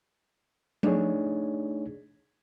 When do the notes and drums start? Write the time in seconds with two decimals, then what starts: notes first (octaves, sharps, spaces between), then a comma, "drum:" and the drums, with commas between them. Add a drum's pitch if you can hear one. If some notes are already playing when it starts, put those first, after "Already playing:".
0.83 A3 D4 D#4 G#4 C#5, drum: tom F3